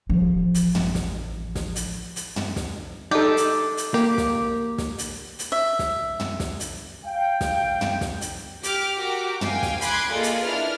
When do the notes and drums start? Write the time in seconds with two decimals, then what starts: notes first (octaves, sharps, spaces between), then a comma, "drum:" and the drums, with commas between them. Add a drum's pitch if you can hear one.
0.09 A1 F3
0.55 drum: hi-hat
0.75 drum: tom
0.95 drum: snare
1.55 drum: snare
1.76 drum: hi-hat
2.16 drum: hi-hat
2.36 drum: tom
2.56 drum: snare
3.11 D4 D#4 G4 A4 G5
3.37 drum: hi-hat
3.77 drum: hi-hat
3.94 A#3 G4
4.18 drum: snare
4.78 drum: snare
4.98 drum: hi-hat
5.39 drum: hi-hat
5.52 E5
5.79 drum: snare
6.20 drum: tom
6.40 drum: snare
6.60 drum: hi-hat
7.05 F5 G5
7.41 drum: snare
7.81 drum: tom
8.01 drum: snare
8.21 drum: hi-hat
8.63 G4 D6 F6, drum: hi-hat
8.99 F#4 G4 A#4 G5 D6
9.41 F5 G5 G#5, drum: tom
9.63 drum: snare
9.81 G#5 B5 C6 D6 F#6 G#6, drum: hi-hat
10.11 A#3 F4 G#4 A4 D5 D#5
10.23 drum: hi-hat
10.43 D4 E4 B4 F6